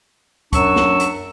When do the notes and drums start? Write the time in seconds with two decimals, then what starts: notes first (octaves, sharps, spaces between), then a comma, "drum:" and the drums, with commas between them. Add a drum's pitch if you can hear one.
0.53 F#2 F#3 D4 C#6 E6, drum: kick, hi-hat
0.76 drum: snare
1.00 drum: hi-hat